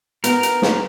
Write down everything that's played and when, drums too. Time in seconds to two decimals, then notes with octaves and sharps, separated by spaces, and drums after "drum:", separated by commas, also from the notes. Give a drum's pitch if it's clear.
0.24 B3 A#4, drum: hi-hat
0.43 drum: hi-hat
0.62 drum: snare